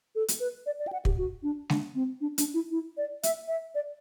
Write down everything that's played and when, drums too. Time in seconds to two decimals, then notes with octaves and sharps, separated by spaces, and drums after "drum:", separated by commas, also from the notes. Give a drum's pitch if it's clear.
0.15 A4
0.28 drum: hi-hat
0.40 B4
0.66 D5
0.79 D5
0.87 G5
0.93 F#5
1.05 G4, drum: kick
1.18 F#4
1.43 D4
1.70 D4, drum: snare G#3
1.95 C4
2.21 D4
2.38 D4, drum: hi-hat
2.54 E4
2.71 E4
2.97 D5
3.23 E5, drum: hi-hat
3.48 E5
3.75 D5